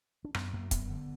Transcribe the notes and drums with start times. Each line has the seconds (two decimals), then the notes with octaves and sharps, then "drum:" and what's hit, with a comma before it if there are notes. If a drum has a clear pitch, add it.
0.25 D4
0.34 F#2 B3, drum: rim click
0.53 F#2 A#3
0.71 F#2 B3, drum: kick, hi-hat
0.90 D3